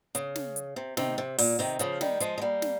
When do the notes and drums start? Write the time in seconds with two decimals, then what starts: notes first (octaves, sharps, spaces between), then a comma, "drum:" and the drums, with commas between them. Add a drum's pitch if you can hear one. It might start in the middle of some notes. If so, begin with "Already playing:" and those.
0.15 C#3, drum: hi-hat
0.36 drum: snare
0.56 drum: hi-hat
0.76 C3
0.97 C3 D#3, drum: snare
1.18 C3
1.38 A#2, drum: open hi-hat
1.59 C3 D#3
1.79 C#3 F3, drum: hi-hat
2.01 D#3 G3, drum: snare
2.20 F3 G#3, drum: hi-hat
2.38 G#3
2.41 G3 A#3
2.62 drum: snare